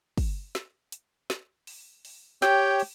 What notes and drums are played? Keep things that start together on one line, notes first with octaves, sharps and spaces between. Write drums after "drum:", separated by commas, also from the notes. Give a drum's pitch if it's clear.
drum: kick, open hi-hat
drum: snare
drum: hi-hat
drum: snare
drum: open hi-hat
drum: open hi-hat
G4 C#5 G5, drum: snare
drum: open hi-hat